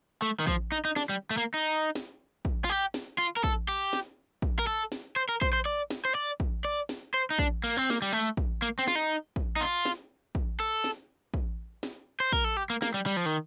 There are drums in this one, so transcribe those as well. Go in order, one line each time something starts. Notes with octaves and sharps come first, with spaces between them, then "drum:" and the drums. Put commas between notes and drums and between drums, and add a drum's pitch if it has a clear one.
A3
D#3
F3, drum: kick
D#4
D#4
D4, drum: snare
G3
A3
A#3
D#4
drum: snare
drum: kick
F4
G4
drum: snare
F4
A#4
A4, drum: kick
G4
drum: snare
drum: kick
A#4
A4
drum: snare
C5
A#4
C5, drum: kick
C5
D5
drum: snare
C5
D5
drum: kick
D5
drum: snare
C5
D#4
D4, drum: kick
A#3
C4
A#3, drum: snare
G3
A3
drum: kick
A#3
C4
F4, drum: snare
D#4
drum: kick
D#4
F4
drum: snare
drum: kick
A4
drum: snare
drum: kick
drum: snare
C5
A#4, drum: kick
A4
G4
A#3
A#3, drum: snare
G3
G3
F3
D#3